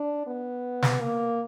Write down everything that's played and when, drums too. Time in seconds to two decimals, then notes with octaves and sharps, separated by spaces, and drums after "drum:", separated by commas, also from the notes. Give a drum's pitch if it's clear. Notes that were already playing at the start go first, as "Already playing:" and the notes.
Already playing: D4
0.27 B3
0.82 drum: snare
1.01 A#3